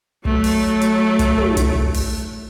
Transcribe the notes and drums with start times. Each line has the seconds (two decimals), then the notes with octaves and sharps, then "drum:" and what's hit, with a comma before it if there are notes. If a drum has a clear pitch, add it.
0.25 F#3 A3, drum: kick
0.44 drum: open hi-hat
0.81 drum: hi-hat
1.19 drum: kick, hi-hat
1.38 drum: tom
1.57 drum: kick, hi-hat
1.76 drum: kick
1.94 drum: open hi-hat